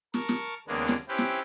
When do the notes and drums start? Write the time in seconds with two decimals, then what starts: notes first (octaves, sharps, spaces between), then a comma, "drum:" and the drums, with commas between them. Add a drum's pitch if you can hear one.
0.14 A#4 A5 C#6, drum: snare
0.29 drum: snare
0.67 D#2 C#3 G#3 A#3 B3 D4
0.89 drum: snare
1.08 C4 C#4 E4 G4 B4
1.18 drum: snare